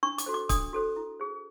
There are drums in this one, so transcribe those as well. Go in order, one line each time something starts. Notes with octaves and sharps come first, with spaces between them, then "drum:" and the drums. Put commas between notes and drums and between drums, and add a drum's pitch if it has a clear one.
D4 C#6
D6, drum: hi-hat
F#4 A4 C5
D6
D4 D#6, drum: kick C#1, hi-hat
F#4 A4 C5
E4
G#4 C5